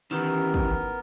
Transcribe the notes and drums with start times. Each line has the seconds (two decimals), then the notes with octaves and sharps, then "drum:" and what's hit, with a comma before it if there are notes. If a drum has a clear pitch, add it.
0.11 D#3 E3 B3 C#4 E4 G4 A#4, drum: cymbal
0.54 drum: kick